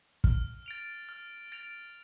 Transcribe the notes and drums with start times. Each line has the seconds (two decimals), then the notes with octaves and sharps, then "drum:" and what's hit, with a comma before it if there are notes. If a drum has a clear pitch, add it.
0.24 F6, drum: kick
0.66 A6 D7 F7
1.09 F6
1.52 A6 D7 F7